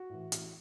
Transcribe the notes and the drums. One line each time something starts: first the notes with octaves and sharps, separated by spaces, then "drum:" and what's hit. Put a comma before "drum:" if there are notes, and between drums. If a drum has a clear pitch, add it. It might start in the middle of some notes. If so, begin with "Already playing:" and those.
Already playing: F#4
A2 E3
A1, drum: hi-hat